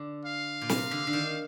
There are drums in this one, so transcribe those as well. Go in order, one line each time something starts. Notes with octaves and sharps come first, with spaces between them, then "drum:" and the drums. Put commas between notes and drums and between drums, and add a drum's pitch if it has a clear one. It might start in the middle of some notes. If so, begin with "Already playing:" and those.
Already playing: D3
F5
A#2
C3, drum: snare
D3
D3
D#3